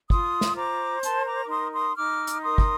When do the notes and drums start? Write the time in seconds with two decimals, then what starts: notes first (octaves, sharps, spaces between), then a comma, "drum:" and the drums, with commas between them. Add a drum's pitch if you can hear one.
0.10 F4 C6 D#6, drum: kick
0.41 drum: snare
0.56 C5 A#5 D6
1.03 A#4 A5 C6, drum: hi-hat
1.27 A#5 D6
1.45 D6
1.49 D#4 C6 D#6
1.73 C6 D#6
1.96 D#4 D6 F6
2.27 drum: hi-hat
2.42 A#4 C6 D#6
2.58 drum: kick